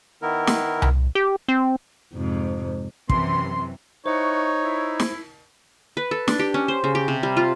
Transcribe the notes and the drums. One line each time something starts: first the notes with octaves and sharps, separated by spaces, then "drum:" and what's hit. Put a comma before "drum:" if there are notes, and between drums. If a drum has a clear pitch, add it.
D#3 B3 E4 A#4
drum: snare
drum: tom C2
G4
C4
F2 G#2 C3
F#2 C3 E3 C6, drum: kick
D#4 E4 F#4 C5 C#5 C#6
E4
drum: snare
B4
A4
D4, drum: snare
G4
C#4
C5
C#3
G4
C3
G3
F4